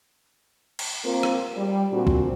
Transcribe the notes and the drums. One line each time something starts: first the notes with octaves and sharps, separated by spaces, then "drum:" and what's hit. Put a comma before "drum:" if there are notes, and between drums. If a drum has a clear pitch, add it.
drum: cymbal
A#3 C4 F4 A#4
drum: rim click
G3
A#2 C4 D4 F#4
drum: kick